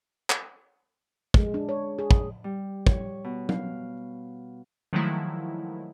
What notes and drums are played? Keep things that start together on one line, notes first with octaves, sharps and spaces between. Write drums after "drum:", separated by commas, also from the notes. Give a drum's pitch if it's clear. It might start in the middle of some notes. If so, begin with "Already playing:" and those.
drum: clap
G#3, drum: kick
D4
C#5
G#4
drum: kick
G3
C#5, drum: kick
B2
F5, drum: tom F#3
D#3 F3 F#3 G#3 A3 E4